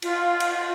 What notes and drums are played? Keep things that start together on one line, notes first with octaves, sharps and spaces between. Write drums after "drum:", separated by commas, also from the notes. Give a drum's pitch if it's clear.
F4, drum: cymbal
drum: cymbal